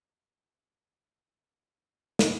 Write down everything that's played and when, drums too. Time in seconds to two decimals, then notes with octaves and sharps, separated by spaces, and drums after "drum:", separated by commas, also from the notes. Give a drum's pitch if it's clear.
0.19 E3 F#3 G#3 A3 D4
2.19 drum: snare